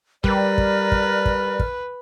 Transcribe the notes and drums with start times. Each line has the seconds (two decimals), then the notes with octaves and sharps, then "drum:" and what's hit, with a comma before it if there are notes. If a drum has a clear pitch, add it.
0.24 G3 A#4 B4 D5 F6, drum: kick
0.58 drum: kick
0.92 drum: kick
1.26 drum: kick
1.59 drum: kick